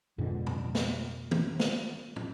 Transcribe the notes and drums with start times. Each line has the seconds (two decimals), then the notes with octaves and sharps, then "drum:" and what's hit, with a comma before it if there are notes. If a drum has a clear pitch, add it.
0.18 F2 G#2 B2 D3
0.47 drum: tom
0.75 drum: snare
1.31 drum: tom
1.60 drum: snare
2.16 drum: tom